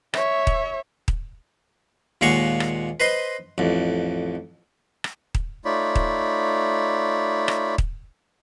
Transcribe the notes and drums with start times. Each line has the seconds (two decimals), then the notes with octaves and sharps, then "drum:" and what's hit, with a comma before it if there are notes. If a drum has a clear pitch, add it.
0.14 C#5 E5, drum: rim click
0.47 drum: kick D#1
1.08 drum: kick D#1
2.21 D#2 A#2 G#3 F5 F#5 C#6
2.60 drum: rim click
3.00 B4 C5 D#5 C6
3.58 A1 F2
5.04 drum: rim click
5.35 drum: kick D#1
5.65 A3 D#4 F4 C#5 D5 B5
5.96 drum: kick D#1
7.48 drum: rim click
7.78 drum: kick D#1